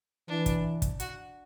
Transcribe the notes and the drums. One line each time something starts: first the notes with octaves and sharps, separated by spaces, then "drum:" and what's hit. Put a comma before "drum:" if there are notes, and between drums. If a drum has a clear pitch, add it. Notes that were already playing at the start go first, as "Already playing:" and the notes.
E3 D4
drum: kick, hi-hat
drum: kick, hi-hat
F#4, drum: hi-hat